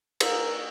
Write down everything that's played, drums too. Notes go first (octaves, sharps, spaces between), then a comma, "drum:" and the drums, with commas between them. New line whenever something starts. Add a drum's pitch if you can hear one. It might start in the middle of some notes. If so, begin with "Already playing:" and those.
A#4, drum: cymbal